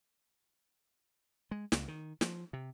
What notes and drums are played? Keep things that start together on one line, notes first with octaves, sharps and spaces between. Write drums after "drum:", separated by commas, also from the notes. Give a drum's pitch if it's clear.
G#3
C#2, drum: snare
D#3
F3, drum: snare
C3